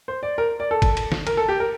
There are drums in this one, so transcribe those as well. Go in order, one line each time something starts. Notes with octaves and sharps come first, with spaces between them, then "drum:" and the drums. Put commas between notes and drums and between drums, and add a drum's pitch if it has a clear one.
C5
D5
A#4
D5
A4
drum: kick, cymbal
drum: cymbal
drum: snare
A#4, drum: cymbal
A4
G4
A#4